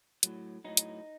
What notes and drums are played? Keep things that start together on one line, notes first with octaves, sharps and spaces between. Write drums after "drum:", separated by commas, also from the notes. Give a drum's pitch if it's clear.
A2 F#3, drum: hi-hat
A2 F#3 D#4
drum: hi-hat